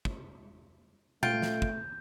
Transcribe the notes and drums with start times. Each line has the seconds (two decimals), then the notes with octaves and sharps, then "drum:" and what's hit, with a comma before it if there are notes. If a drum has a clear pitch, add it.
0.05 drum: kick
1.23 A3 F4 G5 G6, drum: tom A#2
1.42 drum: snare
1.62 drum: kick